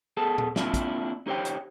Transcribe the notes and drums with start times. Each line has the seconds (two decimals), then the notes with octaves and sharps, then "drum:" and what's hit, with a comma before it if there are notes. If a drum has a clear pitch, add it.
0.17 B3 G#4 A4 A5
0.38 drum: tom A#2
0.56 A#3 C4 D4 E4 F4, drum: snare
0.74 drum: kick, hi-hat
1.27 D#4 G4 C5 C#5 G5
1.45 drum: hi-hat